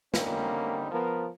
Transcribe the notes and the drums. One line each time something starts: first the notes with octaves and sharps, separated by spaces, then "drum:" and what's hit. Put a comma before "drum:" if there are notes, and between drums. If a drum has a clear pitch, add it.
D3 G3 A#3 C4 C#4 D#4, drum: snare
F3 B3 A#4